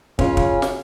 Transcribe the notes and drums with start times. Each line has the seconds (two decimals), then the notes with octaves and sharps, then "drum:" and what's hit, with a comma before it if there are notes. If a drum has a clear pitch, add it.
0.19 C#3 C#4 F4, drum: kick
0.37 drum: kick
0.62 drum: snare